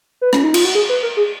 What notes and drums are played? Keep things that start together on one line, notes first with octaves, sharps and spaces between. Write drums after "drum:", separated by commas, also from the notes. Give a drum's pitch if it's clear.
B4
C#4, drum: rim click
D#4
F4, drum: cymbal
F#4
G#4
B4
A#4
G#4